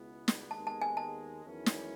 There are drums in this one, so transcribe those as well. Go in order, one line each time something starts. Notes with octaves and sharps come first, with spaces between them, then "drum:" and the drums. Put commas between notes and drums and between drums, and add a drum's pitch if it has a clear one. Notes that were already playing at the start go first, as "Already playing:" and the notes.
Already playing: C#2 B2 G#3 B3 E4
drum: snare
D#2 D#3 G#3 B3 A5
A5
G#5
A5
E2 D#3 F#3 C#4 E4
drum: snare